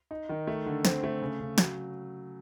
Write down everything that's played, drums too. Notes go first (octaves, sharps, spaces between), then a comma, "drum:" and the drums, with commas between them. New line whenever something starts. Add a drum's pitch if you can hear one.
D#4
D#3
A3
D3
C4, drum: snare
A3
C#3
C#3
F#3, drum: snare